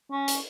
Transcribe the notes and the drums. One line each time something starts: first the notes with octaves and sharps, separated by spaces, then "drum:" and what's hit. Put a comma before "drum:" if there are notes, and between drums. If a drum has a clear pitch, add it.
C#4
drum: hi-hat